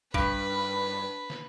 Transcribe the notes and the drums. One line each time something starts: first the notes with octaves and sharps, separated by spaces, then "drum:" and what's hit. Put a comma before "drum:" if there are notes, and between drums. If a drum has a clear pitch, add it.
G2 B4, drum: kick A#1
drum: snare